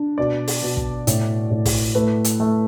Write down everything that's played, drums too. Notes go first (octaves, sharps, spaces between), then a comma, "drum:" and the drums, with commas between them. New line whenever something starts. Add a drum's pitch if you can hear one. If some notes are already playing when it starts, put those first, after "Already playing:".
Already playing: D4
B2 D5
drum: open hi-hat
B2
drum: kick
A2, drum: hi-hat
A2
drum: kick, open hi-hat
A3 B4
drum: hi-hat
A3